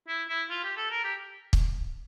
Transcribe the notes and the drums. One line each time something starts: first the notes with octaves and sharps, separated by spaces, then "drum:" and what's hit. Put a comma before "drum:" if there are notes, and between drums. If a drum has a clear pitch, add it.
E4
E4
F4
G4
A4
A#4
G4
drum: kick